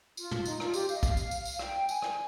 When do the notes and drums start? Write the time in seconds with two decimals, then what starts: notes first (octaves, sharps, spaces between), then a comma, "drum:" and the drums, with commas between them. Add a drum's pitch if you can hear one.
0.17 F4, drum: tambourine
0.31 drum: tom
0.46 D#4, drum: tambourine
0.60 F4, drum: rim click
0.74 G4, drum: tambourine
0.89 F5, drum: tambourine
0.95 D#5
1.03 F5, drum: kick, tambourine
1.17 drum: tambourine
1.31 drum: tambourine
1.45 drum: tambourine
1.59 G5, drum: rim click
1.89 G#5, drum: tambourine
2.02 drum: rim click